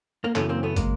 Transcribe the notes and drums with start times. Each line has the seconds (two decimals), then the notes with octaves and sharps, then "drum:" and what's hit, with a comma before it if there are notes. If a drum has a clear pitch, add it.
0.24 A#3
0.35 F#2 C#3 E3 A3 B3, drum: clap
0.49 A#3 C4
0.63 A3 B3
0.76 G#3 A#3, drum: kick, hi-hat